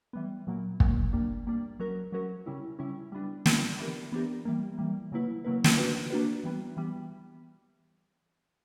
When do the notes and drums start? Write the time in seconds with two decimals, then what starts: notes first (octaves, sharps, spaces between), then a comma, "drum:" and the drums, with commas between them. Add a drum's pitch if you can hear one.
0.13 E3 G3 B3
0.47 A#2 F#3 A#3
0.80 A#2 F#3 A#3, drum: kick
1.13 G3 A#3 D4
1.47 G3 A#3 D4
1.80 F#3 C#4 F#4 A#4
2.12 F#3 C#4 F#4 A#4
2.46 C#3 G3 C#4 E4
2.79 C#3 G3 C#4 E4
3.12 G3 B3 D4
3.46 G3 B3 D4, drum: snare
3.78 E3 B3 D4 G4 A#4
4.12 E3 B3 D4 G4 A#4
4.45 E3 G3 A#3
4.78 E3 G3 A#3
5.12 C#3 F#3 A#3 E4 B4
5.44 C#3 F#3 A#3 E4 B4
5.64 drum: snare
5.78 A#3 D4 F#4 B4
6.10 A#3 D4 F#4 B4
6.44 E3 G3 B3
6.77 E3 G3 B3